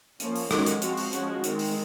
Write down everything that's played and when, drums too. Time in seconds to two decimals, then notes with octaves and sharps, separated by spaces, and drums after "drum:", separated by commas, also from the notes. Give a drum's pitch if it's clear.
0.20 F3 A#3 C#4, drum: hi-hat
0.36 drum: open hi-hat
0.51 D#3 G#3 C#4 F#4, drum: rim click
0.66 drum: hi-hat
0.82 F3 C4 F#4, drum: hi-hat
0.97 drum: open hi-hat
1.13 F3 G#3 C#4 F#4, drum: hi-hat
1.44 D#3 G#3 C4, drum: hi-hat
1.59 drum: open hi-hat